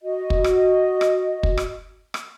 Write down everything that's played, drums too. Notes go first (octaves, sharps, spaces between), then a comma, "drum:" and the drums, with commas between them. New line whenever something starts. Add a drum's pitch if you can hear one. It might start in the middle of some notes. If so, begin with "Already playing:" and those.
F#4 D#5
drum: kick
drum: rim click
drum: rim click
drum: kick
drum: rim click
drum: rim click